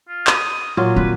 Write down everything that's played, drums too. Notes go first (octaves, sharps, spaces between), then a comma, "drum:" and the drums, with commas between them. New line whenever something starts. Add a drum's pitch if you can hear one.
F4
D#6, drum: clap
A#2 F#3 F4
C4 B4